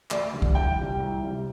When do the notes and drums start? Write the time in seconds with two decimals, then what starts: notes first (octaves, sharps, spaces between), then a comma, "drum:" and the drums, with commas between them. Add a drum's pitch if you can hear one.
0.11 D2 D5, drum: clap
0.33 D3 G3
0.42 drum: kick
0.55 C2 G5
0.78 C3 G3
1.00 C2
1.22 C3 G3